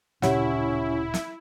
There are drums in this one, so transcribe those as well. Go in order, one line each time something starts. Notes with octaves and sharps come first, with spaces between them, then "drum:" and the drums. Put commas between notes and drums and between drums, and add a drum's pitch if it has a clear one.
D1 A#2 C#3 C#4 E4 G4 C#5 F#5, drum: snare
drum: snare